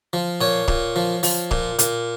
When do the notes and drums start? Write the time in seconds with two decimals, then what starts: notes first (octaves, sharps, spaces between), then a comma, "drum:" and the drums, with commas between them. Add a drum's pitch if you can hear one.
0.13 F3
0.41 A#2 C#5
0.68 A#2, drum: kick
0.96 F3
1.23 F3, drum: open hi-hat
1.51 A#2, drum: kick
1.79 A#2, drum: hi-hat